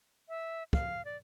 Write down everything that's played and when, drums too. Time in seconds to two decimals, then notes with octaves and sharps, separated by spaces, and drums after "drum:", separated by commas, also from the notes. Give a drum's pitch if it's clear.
0.29 E5
0.73 F5, drum: kick
1.05 D5